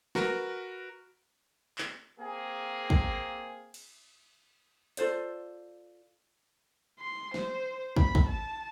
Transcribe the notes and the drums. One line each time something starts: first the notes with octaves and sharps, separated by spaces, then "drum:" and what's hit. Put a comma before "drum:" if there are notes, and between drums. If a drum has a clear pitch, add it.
F#4 A#4 B4, drum: snare
drum: clap
A#3 C4 G#4
drum: kick
drum: cymbal
F4 A4 C5 D5, drum: hi-hat
C6
C5, drum: snare
B5, drum: kick
drum: kick
A5